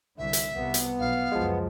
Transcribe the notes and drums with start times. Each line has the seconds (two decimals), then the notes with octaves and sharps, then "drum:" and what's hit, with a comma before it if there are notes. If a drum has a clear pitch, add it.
0.18 C2 D3 E5
0.33 drum: hi-hat
0.54 C2 C3 B3
0.74 drum: hi-hat
0.99 B1 F5
1.32 C#2 F#2 F3 G#3